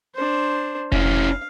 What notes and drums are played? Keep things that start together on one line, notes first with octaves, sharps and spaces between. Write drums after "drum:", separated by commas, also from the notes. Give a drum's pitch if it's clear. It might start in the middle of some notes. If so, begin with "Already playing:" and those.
D4 C5
C#4 E4 F5, drum: kick F1